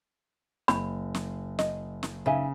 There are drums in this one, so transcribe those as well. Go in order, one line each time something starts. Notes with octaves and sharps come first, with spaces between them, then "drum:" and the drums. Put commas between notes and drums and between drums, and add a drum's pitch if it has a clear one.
F#1 B5, drum: snare
drum: snare
D#5, drum: snare
drum: snare
C#3 D#4 E5 G#5